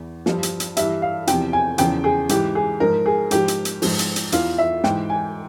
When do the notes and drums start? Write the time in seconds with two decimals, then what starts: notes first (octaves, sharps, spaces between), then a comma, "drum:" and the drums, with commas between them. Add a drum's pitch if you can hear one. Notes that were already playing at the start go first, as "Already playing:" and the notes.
Already playing: E2 E3
0.26 G2 F3, drum: snare
0.43 drum: hi-hat
0.60 drum: hi-hat
0.77 G2 E3 E5, drum: hi-hat
1.02 F5
1.27 E2 C3 F3 G5, drum: hi-hat
1.53 G#5
1.78 E2 C#3 F3 G5, drum: hi-hat
2.04 G#4
2.29 G#2 E3 G4, drum: hi-hat
2.55 G#4
2.80 G#2 F3 A#4
3.06 G#4
3.31 G#2 F3 G4, drum: hi-hat
3.48 drum: hi-hat
3.65 drum: hi-hat
3.82 G#2 F3, drum: open hi-hat
3.99 drum: hi-hat
4.16 drum: hi-hat
4.32 E2 E3 F4, drum: hi-hat
4.58 E5
4.84 G#2 E3 G5, drum: snare
5.10 G#5